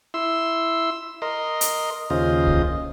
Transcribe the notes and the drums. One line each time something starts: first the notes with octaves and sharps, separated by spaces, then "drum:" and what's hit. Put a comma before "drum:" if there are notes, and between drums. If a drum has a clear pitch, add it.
E4 C6 E6
A#4 D#5 C6
drum: hi-hat
D#2 C#3 F4 C5 D#5
drum: kick C2